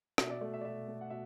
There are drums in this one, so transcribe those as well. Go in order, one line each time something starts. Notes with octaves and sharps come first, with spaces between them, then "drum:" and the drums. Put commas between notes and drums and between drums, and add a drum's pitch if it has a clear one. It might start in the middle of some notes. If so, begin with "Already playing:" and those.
B2 E5, drum: rim click
D5
A3 D5
E5
D5
B2 E5
A3
F#5
B2 E5